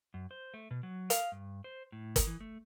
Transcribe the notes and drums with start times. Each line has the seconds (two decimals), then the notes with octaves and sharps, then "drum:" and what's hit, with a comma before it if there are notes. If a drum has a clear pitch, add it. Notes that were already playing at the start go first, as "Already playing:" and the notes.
0.14 F#2
0.31 C5
0.54 A3
0.71 B2
0.83 F#3
1.10 F5, drum: hi-hat
1.32 G2
1.64 C5
1.92 A2
2.16 drum: kick, hi-hat
2.27 E3
2.40 A3